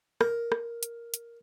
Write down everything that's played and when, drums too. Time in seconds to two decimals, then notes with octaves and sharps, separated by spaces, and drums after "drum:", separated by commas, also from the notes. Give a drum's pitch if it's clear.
0.21 A#4, drum: rim click
0.52 drum: rim click
0.83 drum: hi-hat
1.14 drum: hi-hat